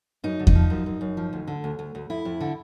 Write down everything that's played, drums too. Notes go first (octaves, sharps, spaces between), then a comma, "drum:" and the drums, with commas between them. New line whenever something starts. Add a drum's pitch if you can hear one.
F#2 D#4
D3
D#4, drum: kick E2
F3
F#2
F#2
F#2
F3
D2
D3
D2
D2
D2
F2 E4
F2
D3